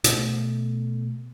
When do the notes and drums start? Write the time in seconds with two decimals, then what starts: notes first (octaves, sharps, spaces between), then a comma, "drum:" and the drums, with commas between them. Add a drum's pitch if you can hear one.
0.04 B2 A3, drum: hi-hat